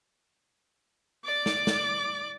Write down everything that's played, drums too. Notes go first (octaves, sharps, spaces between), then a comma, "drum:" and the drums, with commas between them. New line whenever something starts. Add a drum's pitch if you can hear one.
D5 D6
drum: snare
drum: snare